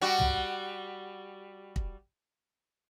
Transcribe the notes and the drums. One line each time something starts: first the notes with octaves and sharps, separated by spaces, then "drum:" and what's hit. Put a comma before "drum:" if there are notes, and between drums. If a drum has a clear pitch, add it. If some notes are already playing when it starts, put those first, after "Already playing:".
G3 F#4
drum: tom
drum: kick